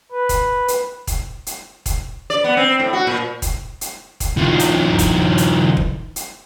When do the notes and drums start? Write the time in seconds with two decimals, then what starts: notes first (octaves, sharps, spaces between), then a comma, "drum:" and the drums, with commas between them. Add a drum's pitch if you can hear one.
0.11 B4
0.29 drum: kick E1, hi-hat
0.68 drum: hi-hat
1.07 drum: kick E1, hi-hat
1.46 drum: hi-hat
1.86 drum: kick E1, hi-hat
2.30 D5
2.44 B3
2.57 C4
2.80 A2
2.93 F#4
3.07 A#2
3.42 drum: kick E1, hi-hat
3.81 drum: hi-hat
4.20 drum: kick E1, hi-hat
4.37 D#3 F3
4.59 drum: hi-hat
4.99 drum: kick E1, hi-hat
5.38 drum: hi-hat
5.77 drum: kick E1
6.16 drum: hi-hat